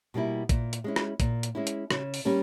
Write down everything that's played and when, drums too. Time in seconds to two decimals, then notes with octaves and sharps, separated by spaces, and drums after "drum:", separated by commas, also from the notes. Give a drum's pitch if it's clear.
0.14 B2 G3 A#3 E4
0.49 A#2, drum: kick, hi-hat
0.73 drum: hi-hat
0.84 G#3 C#4 E4
0.96 drum: rim click
1.20 A#2, drum: kick, hi-hat
1.43 drum: hi-hat
1.55 G#3 C#4 E4
1.67 drum: hi-hat
1.91 C#3, drum: rim click
2.14 drum: open hi-hat
2.25 G3 A#3 C#4